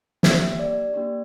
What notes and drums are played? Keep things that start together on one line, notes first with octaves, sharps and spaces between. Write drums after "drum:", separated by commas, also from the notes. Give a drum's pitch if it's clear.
A#3 D4 G4 E5, drum: snare
D5
A#3 D4 G4